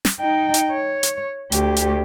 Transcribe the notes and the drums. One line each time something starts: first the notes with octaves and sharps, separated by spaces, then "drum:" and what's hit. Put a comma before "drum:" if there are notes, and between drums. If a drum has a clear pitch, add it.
drum: snare
D#4 G5
drum: hi-hat
C#5
drum: hi-hat
D2 G4, drum: hi-hat
drum: hi-hat